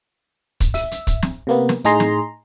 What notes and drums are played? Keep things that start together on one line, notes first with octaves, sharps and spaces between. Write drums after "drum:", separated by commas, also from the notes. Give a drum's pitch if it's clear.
drum: kick, hi-hat
E5, drum: open hi-hat
drum: hi-hat
drum: kick, hi-hat
drum: snare
C3 A#3 B3
drum: snare
A2 D#4 G#4 A#5 C6, drum: hi-hat
drum: snare